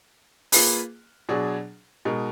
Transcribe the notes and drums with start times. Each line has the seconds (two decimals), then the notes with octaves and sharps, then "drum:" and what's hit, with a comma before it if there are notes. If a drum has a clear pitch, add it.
0.52 A#3 F4 G#4 B4, drum: open hi-hat
1.29 B2 F#3 D4 G#4
2.05 B2 G#3 D#4 A#4